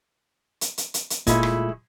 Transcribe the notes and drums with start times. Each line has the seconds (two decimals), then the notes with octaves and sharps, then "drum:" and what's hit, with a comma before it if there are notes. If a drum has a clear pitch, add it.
0.61 drum: hi-hat
0.78 drum: hi-hat
0.94 drum: hi-hat
1.10 drum: hi-hat
1.27 A#2 G#3 A3 E4 F4 B5, drum: kick, hi-hat
1.43 drum: rim click